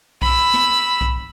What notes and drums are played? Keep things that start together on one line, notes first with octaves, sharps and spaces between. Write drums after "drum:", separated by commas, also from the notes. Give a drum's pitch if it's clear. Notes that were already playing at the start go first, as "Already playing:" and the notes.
B5 E6, drum: kick B1
drum: snare
drum: kick B1